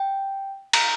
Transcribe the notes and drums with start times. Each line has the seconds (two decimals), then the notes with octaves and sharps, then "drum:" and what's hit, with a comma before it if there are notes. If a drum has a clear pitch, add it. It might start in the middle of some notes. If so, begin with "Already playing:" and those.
Already playing: G5
0.73 A#5, drum: cymbal